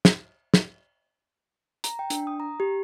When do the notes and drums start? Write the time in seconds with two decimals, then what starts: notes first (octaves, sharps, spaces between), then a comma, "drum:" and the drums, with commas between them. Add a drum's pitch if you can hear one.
0.05 drum: snare
0.54 drum: snare
1.84 A#5, drum: hi-hat
1.99 G5
2.10 D4, drum: hi-hat
2.27 D#6
2.40 A#5
2.60 G4